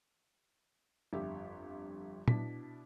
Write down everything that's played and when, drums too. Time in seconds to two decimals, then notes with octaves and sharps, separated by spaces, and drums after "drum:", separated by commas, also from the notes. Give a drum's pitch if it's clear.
1.13 G1 F2 G4 E5
2.28 B2 D4 E4 B6, drum: tom